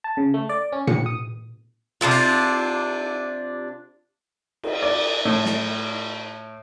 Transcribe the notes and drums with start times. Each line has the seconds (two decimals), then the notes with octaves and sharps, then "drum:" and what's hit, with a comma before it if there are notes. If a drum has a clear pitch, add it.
0.04 A5
0.17 C#3
0.34 A3
0.49 D5
0.72 C#4
0.87 C#7, drum: tom A#2
1.06 D#6
2.01 C3 D4 E4 F4
2.11 drum: cymbal
4.63 drum: cymbal
4.82 D5
5.25 A2
5.46 drum: snare